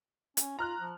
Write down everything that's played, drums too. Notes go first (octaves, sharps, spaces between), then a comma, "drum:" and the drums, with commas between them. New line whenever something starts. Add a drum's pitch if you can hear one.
C#4, drum: hi-hat
F4 A#5 F6 F#6
F3